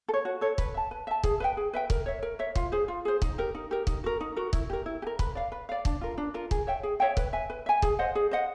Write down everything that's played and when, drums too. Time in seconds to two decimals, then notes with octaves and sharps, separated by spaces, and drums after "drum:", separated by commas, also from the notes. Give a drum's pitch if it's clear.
0.08 A4
0.14 C#5
0.25 F#4
0.41 A4 C#5
0.58 B4, drum: kick
0.74 E5 A5
0.91 B4
1.07 E5 A5
1.23 G#4, drum: kick
1.40 B4 E5 G5
1.57 G#4
1.73 B4 E5 G5
1.90 A#4, drum: kick
2.06 C#5 E5
2.22 A#4
2.39 C#5 E5
2.55 F4, drum: kick
2.72 G#4 C5
2.88 F4
3.05 G#4 C5
3.22 D#4, drum: kick
3.38 G4 A#4
3.55 D#4
3.71 G4 A#4
3.87 D#4, drum: kick
4.04 F#4 A#4
4.21 D#4
4.36 F#4 A#4
4.53 E4, drum: kick
4.70 G4 A#4
4.86 E4
5.02 G4
5.07 A#4
5.19 B4, drum: kick
5.35 D5 F5
5.52 B4
5.69 D5 F5
5.85 D4, drum: kick
6.01 F4 A#4
6.18 D4
6.34 F4 A#4
6.51 G#4, drum: kick
6.67 C#5 E5 G5
6.83 G#4
7.00 C#5 E5 G5
7.17 B4, drum: kick
7.33 E5 G#5
7.50 B4
7.66 E5 G#5
7.82 G#4, drum: kick
7.99 C5 D#5 F#5
8.15 G#4
8.31 C5 D#5 F#5